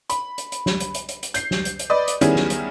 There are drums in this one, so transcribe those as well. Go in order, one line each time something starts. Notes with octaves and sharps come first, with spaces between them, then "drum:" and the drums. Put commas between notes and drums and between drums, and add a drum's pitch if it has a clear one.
B5, drum: hi-hat
drum: hi-hat
drum: hi-hat
drum: snare
drum: hi-hat
drum: hi-hat
drum: hi-hat
drum: hi-hat
G6 C7, drum: hi-hat
drum: snare
drum: hi-hat
drum: hi-hat
B4 D5 D#5
drum: hi-hat
D#3 G3 B3 C#4 E4 G#4, drum: hi-hat
drum: snare
drum: hi-hat